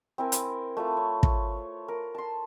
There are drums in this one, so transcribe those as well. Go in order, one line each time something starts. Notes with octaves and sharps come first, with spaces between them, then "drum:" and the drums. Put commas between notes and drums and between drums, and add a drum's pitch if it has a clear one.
C4 E4 A#4 G#5
drum: hi-hat
A3 F4 B4
C#5
drum: kick
A#4
A5 C6